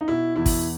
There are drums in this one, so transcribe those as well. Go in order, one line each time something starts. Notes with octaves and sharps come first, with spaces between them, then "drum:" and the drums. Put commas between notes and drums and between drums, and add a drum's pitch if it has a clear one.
D#4
B2 E4
E2 E4
drum: kick, open hi-hat